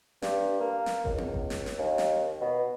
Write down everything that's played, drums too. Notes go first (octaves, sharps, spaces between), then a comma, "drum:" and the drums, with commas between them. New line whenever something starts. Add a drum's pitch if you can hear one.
G2, drum: snare
A#3
drum: snare
C#2, drum: kick G#1
drum: tom B3
drum: kick G#1
drum: snare
drum: snare
D#2
drum: snare
B2